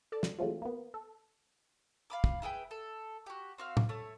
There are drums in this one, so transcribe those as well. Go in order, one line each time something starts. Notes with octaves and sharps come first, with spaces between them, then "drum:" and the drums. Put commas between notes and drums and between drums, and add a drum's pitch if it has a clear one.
A4 D5 A5
drum: snare
E3 F#3 G#3 A3 C4 F4
A#3 B3
A4
F5 B5 D6
drum: kick
E4 G#4 B4 G5
A4
F#4 G4
C4 F#4 F5
drum: tom A2
A3 C#5